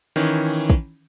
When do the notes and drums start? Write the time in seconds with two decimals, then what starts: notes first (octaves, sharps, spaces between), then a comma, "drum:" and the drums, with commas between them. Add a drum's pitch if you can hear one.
0.16 D#3 E3 C#4
0.70 drum: kick